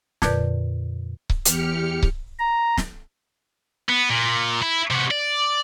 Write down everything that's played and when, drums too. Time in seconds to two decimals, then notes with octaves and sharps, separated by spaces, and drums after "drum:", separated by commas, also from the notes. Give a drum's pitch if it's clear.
0.22 F2 A#2 D3 B4 D5 G6, drum: snare
1.30 drum: kick C#1
1.45 E2 G4 F6 C#7, drum: hi-hat
2.03 drum: kick C#1
2.39 A#5
2.78 drum: snare
3.89 B3
4.10 A#2
4.62 E4
4.90 C3 F#4
5.11 D5